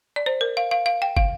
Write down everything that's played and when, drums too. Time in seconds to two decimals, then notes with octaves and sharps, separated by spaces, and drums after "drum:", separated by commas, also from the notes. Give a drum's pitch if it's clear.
0.16 D5
0.26 C5
0.41 A#4
0.57 F5
0.71 F5
0.86 F5
1.02 G5
1.17 F5, drum: kick